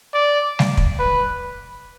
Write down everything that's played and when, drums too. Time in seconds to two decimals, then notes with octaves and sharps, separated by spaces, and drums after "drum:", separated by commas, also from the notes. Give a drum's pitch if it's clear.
0.14 D5
0.59 drum: snare G3
0.77 drum: kick
0.99 B4